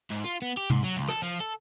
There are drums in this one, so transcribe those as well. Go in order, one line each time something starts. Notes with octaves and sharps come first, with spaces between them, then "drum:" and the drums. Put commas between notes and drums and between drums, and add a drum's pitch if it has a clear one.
G#2
F4
B3
G4
G#2, drum: tom C3
F#3
C#2
A4, drum: rim click
F3
A4